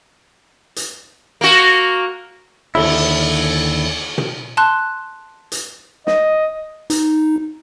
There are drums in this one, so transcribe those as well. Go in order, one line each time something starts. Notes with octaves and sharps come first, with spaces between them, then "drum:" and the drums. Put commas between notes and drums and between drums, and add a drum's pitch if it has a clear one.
drum: hi-hat
A#3 F#4
D#2 D3 E4, drum: cymbal
drum: tom
A5 C6 F#6
drum: hi-hat
D#5, drum: snare
D#4, drum: hi-hat